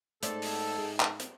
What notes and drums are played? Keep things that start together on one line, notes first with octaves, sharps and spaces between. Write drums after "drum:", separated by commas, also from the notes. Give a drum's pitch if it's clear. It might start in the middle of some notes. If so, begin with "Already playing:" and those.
G#2 A3 D#4 A4 C5 D5, drum: hi-hat
drum: open hi-hat
G#4
drum: clap
drum: hi-hat